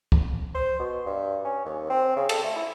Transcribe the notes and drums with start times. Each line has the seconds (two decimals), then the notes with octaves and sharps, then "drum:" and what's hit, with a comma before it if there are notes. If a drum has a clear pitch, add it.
0.12 drum: kick C#2
0.55 C5
0.79 B2
1.06 G2
1.44 C#4
1.65 D#2
1.90 C4
2.17 C#3
2.29 A4, drum: cymbal
2.44 A3
2.56 E4